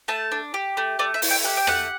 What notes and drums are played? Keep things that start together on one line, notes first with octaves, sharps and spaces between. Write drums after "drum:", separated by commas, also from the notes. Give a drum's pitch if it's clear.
A3 A5
D4
G4
A3
A3 D5
E5
E4, drum: open hi-hat
G5
G4 F#5
G5
A3 F#5, drum: rim click